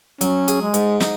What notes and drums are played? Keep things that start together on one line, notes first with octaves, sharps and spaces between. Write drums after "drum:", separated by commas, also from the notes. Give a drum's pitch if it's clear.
F#3 C#4, drum: hi-hat
G#4, drum: hi-hat
G#3
G#2, drum: hi-hat
D#4, drum: snare